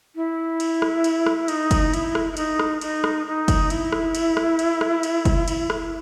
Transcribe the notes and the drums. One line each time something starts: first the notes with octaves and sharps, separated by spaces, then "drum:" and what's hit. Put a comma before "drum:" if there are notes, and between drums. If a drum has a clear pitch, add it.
E4
drum: cymbal
drum: rim click
drum: cymbal
drum: rim click
D#4, drum: cymbal
drum: kick, cymbal
E4, drum: cymbal
drum: rim click
E4
D#4, drum: cymbal
drum: rim click
D#4, drum: cymbal
drum: rim click
D#4
drum: kick, cymbal
E4, drum: cymbal
drum: rim click
drum: cymbal
drum: rim click
drum: cymbal
drum: rim click
drum: cymbal
drum: kick, cymbal
drum: cymbal
drum: rim click